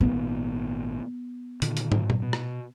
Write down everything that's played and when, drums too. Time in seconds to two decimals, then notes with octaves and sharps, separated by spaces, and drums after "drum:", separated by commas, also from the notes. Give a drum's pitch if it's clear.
0.01 G#1 A#2 B3
1.62 A#2 D3 D#3, drum: hi-hat
1.77 drum: hi-hat
1.92 drum: tom
2.10 drum: tom A#2
2.22 B2
2.33 drum: rim click